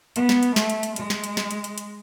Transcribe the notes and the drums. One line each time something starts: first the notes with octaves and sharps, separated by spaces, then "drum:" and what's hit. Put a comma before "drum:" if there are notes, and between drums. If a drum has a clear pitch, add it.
B3, drum: hi-hat
drum: snare
drum: hi-hat
A3, drum: snare
drum: hi-hat
drum: hi-hat
G#3, drum: hi-hat
drum: snare
drum: hi-hat
drum: snare
drum: hi-hat
drum: hi-hat
drum: hi-hat